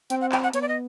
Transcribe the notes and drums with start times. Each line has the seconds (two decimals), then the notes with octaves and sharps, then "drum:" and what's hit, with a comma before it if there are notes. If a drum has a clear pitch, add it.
0.10 C4 G5, drum: hi-hat
0.21 F#5
0.32 G5, drum: clap
0.43 F#5
0.54 B3 C#5, drum: hi-hat
0.62 D5
0.69 D#5